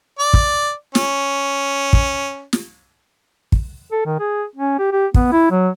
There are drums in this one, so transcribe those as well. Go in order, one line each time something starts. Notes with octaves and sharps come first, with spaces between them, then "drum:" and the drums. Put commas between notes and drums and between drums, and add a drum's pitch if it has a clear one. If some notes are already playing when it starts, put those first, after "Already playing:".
D5
drum: kick
C#4, drum: snare
drum: kick
drum: snare
drum: kick
A4
D#3
G#4
C#4
G4
G4
B3, drum: kick
E4
F#3